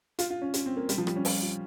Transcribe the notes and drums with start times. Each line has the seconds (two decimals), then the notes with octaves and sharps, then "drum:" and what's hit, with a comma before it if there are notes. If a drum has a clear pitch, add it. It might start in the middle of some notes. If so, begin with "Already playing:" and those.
0.19 F4, drum: hi-hat
0.31 F4
0.42 C#4
0.54 C#4, drum: hi-hat
0.66 C4
0.77 A#3
0.89 G3, drum: hi-hat
0.98 F3
1.07 G3, drum: rim click
1.16 C#4
1.25 F4, drum: open hi-hat
1.42 F4